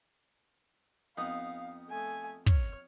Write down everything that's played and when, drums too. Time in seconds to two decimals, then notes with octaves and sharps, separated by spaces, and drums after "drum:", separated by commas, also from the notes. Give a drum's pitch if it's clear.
1.18 F2 B3 D#4 F5
1.90 A3 G#5
2.46 C#5 F6, drum: kick